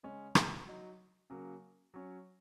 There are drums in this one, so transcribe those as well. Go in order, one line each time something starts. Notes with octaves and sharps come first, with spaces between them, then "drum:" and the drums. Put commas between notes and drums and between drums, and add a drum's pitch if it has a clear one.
C#3 G#3 C#4
drum: rim click
F#3 D#4
C#3 F#3 A#3
F#3 C#4